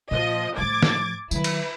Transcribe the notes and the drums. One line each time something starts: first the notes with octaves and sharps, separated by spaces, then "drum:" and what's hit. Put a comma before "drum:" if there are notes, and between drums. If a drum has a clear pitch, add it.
A#2 F3 D#5
A2 F3 D6 G#6 A6
drum: snare
D#3 F#3 E4 B4, drum: tambourine
drum: cymbal